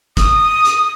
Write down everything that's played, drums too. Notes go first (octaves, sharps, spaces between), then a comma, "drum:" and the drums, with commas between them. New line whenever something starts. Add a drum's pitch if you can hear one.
D#6, drum: kick, hi-hat
drum: hi-hat